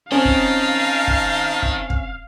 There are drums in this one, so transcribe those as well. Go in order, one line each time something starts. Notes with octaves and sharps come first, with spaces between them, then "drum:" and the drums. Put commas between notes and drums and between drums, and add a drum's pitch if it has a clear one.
D#3 C4 C#4 D#4 F5 A5
drum: kick
drum: kick
drum: kick
drum: kick